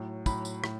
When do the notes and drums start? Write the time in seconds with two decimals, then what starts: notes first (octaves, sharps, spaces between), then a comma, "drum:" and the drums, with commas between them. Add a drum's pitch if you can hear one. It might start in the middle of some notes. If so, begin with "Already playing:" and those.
Already playing: A2 F#3
0.26 A2 F#3 B5, drum: kick, tambourine
0.45 drum: tambourine
0.64 A2, drum: rim click